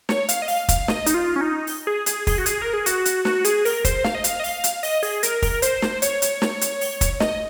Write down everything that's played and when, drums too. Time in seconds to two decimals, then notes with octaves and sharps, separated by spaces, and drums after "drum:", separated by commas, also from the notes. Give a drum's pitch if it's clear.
0.09 C#5, drum: snare
0.29 F5, drum: hi-hat
0.42 D#5
0.48 F5, drum: open hi-hat
0.69 F5, drum: kick, hi-hat
0.88 D#5, drum: snare
1.06 D#4, drum: hi-hat
1.14 F4
1.36 C#4
1.41 D#4
1.67 drum: open hi-hat
1.87 G#4
2.06 G#4, drum: hi-hat
2.27 G#4, drum: kick, open hi-hat
2.38 F#4
2.46 G#4, drum: hi-hat
2.62 A#4
2.73 G#4
2.86 F#4, drum: hi-hat
3.05 drum: hi-hat
3.25 F#4, drum: snare
3.45 G#4, drum: hi-hat
3.65 A#4, drum: open hi-hat
3.85 C5, drum: kick, hi-hat
4.04 F5, drum: snare
4.15 D#5
4.24 F5, drum: hi-hat
4.40 D#5
4.44 F5, drum: open hi-hat
4.64 drum: hi-hat
4.83 D#5, drum: open hi-hat
5.03 G#4, drum: open hi-hat
5.23 A#4, drum: hi-hat
5.42 A#4, drum: kick, open hi-hat
5.62 C5, drum: hi-hat
5.82 drum: snare
6.02 C#5, drum: hi-hat
6.22 drum: hi-hat
6.42 drum: snare
6.61 drum: hi-hat
6.81 drum: open hi-hat
7.01 drum: kick, hi-hat
7.20 D#5, drum: snare